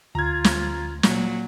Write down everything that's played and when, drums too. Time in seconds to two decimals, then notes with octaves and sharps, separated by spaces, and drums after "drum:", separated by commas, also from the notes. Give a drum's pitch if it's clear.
0.15 D2 F4 A#5 G#6
0.44 drum: snare
1.03 A#2 F#3, drum: snare